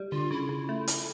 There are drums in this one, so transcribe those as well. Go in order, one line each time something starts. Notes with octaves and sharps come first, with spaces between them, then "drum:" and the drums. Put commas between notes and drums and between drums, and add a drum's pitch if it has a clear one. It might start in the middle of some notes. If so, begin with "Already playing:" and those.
Already playing: G3
D3 F4
C#3 E4
C#3
A3
drum: hi-hat